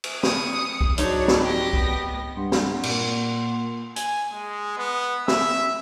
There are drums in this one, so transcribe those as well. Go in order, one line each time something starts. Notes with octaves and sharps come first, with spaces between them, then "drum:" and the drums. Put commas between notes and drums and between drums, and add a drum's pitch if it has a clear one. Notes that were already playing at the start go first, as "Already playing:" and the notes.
drum: cymbal
D#6 C#7, drum: snare
drum: kick C2
G#2 F#3 D4 D#4 C#5, drum: hi-hat
drum: snare
G4 A#6
B3, drum: kick C2
G2 F#5 C6
drum: snare
A#2, drum: cymbal
G#5, drum: hi-hat
G#3
B3
E5, drum: snare